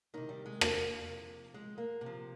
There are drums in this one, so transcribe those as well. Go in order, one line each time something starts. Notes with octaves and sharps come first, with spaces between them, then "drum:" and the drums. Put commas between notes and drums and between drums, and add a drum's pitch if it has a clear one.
C3 D#3 D#4
G3
G#3
A#3, drum: rim click
C3 F3
G#3
A#3
C3
F3